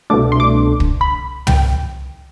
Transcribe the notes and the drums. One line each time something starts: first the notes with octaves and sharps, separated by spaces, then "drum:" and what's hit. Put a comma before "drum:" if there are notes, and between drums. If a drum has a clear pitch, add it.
C2 B2 A3 D4 D6
C6
D6
drum: kick
B5
G5, drum: tom